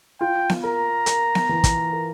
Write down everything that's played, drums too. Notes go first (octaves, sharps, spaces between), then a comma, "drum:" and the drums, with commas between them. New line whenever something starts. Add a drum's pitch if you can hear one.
F4 G5
drum: snare B3
A#4 A#5
A#4, drum: hi-hat
drum: snare B3
E3
drum: kick, hi-hat
A#4